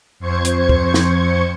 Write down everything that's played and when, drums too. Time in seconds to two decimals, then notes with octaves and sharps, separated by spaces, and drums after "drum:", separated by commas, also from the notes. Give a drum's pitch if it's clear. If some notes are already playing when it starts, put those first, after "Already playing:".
0.20 F2 C5 C#6 G#6 C#7
0.44 drum: hi-hat
0.69 drum: kick
0.94 drum: snare